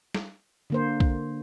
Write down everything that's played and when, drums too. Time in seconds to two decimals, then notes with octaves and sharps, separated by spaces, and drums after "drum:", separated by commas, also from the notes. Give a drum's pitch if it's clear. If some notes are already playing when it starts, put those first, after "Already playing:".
0.15 drum: snare
0.70 D3 A#3 C5
1.00 drum: kick